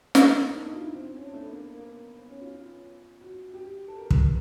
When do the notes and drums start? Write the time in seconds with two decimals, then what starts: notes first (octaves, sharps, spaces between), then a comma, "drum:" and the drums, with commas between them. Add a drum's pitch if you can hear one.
0.15 E4, drum: snare
0.26 A#3
0.37 B3
0.49 D#4
0.57 D4
0.66 D#4
0.75 F4
0.83 E4
0.93 C4
1.05 C4
1.17 C#4
1.25 D4
1.33 A3
1.42 B3
1.51 A#3
1.74 A#3
1.84 B3
2.18 B3
2.30 C#4
2.41 F4
2.52 F4
3.20 F#4
3.54 G4
3.88 A4
3.99 A#4
4.11 A#4, drum: kick
4.22 B4